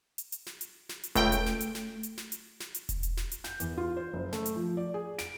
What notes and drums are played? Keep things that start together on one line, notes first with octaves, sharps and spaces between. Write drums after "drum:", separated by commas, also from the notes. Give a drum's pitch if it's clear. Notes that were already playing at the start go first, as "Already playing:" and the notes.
drum: hi-hat
drum: hi-hat
drum: snare
drum: hi-hat
drum: snare
drum: hi-hat
C#2 A3 G5, drum: kick E1, hi-hat
drum: hi-hat
drum: snare
drum: hi-hat
drum: snare
drum: hi-hat
drum: snare
drum: hi-hat
drum: snare
drum: hi-hat
drum: kick E1, hi-hat
drum: hi-hat
drum: snare
drum: hi-hat
G6, drum: snare
E2, drum: hi-hat
F4
C5
F#1
A3, drum: snare
drum: hi-hat
F3
D5
G#4
D7, drum: snare